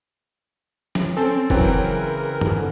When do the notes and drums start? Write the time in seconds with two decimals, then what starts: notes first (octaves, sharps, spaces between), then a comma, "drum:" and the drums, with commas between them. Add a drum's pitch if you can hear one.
0.95 drum: snare
1.17 C4 C#4 A4 G#5
1.50 E3 F#3 C4 A#4 G5, drum: kick
1.72 C#3
2.41 drum: tom
2.57 D3